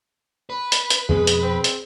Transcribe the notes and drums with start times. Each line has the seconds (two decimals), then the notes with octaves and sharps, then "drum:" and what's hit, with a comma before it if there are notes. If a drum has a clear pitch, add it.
0.50 B4
0.72 drum: hi-hat
0.90 drum: hi-hat
1.09 F2 B2 G#3 B3 G#4
1.27 drum: hi-hat
1.42 C4
1.64 drum: hi-hat